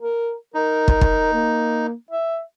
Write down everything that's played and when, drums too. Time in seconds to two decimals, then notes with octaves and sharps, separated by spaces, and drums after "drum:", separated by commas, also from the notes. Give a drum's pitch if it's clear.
0.01 A#4
0.54 D#4 A#4
0.88 drum: kick
1.01 drum: kick
1.34 A#3
2.11 E5